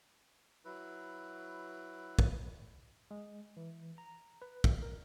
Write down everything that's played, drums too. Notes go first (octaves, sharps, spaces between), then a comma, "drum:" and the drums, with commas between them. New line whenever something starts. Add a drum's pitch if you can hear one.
F#3 E4 B4
drum: kick
G#3
E3
A#5
B4
drum: kick
A#4